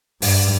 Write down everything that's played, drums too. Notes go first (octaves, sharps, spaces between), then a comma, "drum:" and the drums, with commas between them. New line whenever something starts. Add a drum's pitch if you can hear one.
G2, drum: open hi-hat